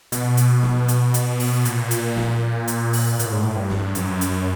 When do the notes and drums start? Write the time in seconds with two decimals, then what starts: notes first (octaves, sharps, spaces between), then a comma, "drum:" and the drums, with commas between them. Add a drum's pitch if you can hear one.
0.12 B2, drum: hi-hat
0.37 drum: hi-hat
0.63 drum: snare
0.88 drum: hi-hat
1.14 drum: hi-hat
1.40 drum: open hi-hat
1.65 A#2, drum: hi-hat
1.91 drum: hi-hat
2.16 drum: snare
2.68 drum: hi-hat
2.93 drum: open hi-hat
3.19 A#2, drum: hi-hat
3.26 A2
3.32 G#2
3.40 A2
3.57 G2
3.70 drum: snare
3.95 F#2, drum: hi-hat
4.21 drum: hi-hat